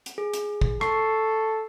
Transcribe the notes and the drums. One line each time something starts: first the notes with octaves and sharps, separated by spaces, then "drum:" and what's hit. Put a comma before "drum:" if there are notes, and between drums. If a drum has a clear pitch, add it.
drum: hi-hat
G#4
drum: hi-hat
drum: kick
A4 C#6 C7, drum: rim click